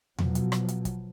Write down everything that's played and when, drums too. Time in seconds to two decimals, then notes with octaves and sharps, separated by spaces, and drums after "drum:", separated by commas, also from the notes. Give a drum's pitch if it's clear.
0.18 B2 F3 F#3, drum: tom E2
0.35 drum: hi-hat
0.52 drum: rim click
0.68 drum: hi-hat
0.85 drum: kick, hi-hat